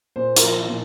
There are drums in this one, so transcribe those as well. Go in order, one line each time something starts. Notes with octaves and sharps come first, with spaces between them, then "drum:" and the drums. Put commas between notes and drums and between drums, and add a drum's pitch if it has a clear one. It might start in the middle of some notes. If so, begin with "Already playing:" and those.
A#2 C5
A#4, drum: hi-hat
F3
A#2